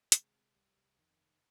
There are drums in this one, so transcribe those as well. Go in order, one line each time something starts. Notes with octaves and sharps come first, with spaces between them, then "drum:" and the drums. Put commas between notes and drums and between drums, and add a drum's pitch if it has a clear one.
C3 G#3, drum: hi-hat
C3
C2 G3
C2
F2 D#3
F1